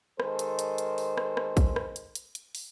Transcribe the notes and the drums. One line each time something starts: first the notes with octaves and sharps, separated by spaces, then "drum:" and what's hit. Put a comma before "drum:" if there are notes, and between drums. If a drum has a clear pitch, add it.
D#3 G#3 A4 C5, drum: rim click
drum: hi-hat
drum: hi-hat
drum: hi-hat
drum: open hi-hat
drum: rim click
drum: rim click
drum: kick, hi-hat
drum: rim click
drum: hi-hat
drum: hi-hat
drum: hi-hat
drum: open hi-hat